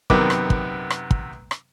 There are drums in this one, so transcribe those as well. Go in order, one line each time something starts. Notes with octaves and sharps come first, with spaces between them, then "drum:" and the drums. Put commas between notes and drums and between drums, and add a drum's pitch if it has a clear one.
F#2 C3 D#3 B3 D6, drum: kick
drum: rim click
drum: kick
drum: rim click
drum: kick
drum: rim click